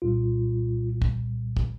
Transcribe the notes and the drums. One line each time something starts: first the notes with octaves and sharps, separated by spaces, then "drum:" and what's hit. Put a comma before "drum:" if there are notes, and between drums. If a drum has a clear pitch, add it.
C2 A#2 G3 F4
drum: kick
drum: kick